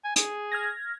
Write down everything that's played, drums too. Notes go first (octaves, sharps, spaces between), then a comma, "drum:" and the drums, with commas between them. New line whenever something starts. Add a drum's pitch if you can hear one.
G#5
G#4, drum: hi-hat
F6 G#6 A#6